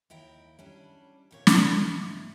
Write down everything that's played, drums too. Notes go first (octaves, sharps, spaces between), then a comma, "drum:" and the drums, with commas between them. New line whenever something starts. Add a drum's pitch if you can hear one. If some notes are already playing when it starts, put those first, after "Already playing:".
D#2 E4 G5 A#5
G3 C#4 D4
D#2 A#2 C#5
G3 A3 A#3 F#4 B4, drum: snare
D2 G#2